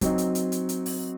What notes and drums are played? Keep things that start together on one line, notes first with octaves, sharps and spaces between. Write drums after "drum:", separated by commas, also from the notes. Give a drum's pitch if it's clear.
F#3 C4 D#4, drum: kick, hi-hat
drum: hi-hat
drum: hi-hat
drum: hi-hat
drum: hi-hat
drum: open hi-hat